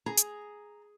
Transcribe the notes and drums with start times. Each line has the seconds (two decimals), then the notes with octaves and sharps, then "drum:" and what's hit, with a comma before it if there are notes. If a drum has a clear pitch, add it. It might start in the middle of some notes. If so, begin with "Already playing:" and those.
0.06 G#4 A#5
0.17 drum: hi-hat